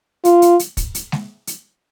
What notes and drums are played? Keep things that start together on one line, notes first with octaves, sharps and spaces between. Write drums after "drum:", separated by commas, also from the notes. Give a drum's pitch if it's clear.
F4, drum: hi-hat
drum: hi-hat
drum: hi-hat
drum: kick, hi-hat
drum: hi-hat
drum: snare G#3
drum: hi-hat